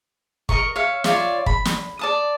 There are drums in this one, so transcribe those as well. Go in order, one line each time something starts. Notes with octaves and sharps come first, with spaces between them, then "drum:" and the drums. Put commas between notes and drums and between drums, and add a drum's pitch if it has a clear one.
A#4 D#5 A#5 C#6, drum: kick
C#5 E5 F5
F4 C#5 D5 E5, drum: snare
B5, drum: kick
drum: snare
D5 A5 D#6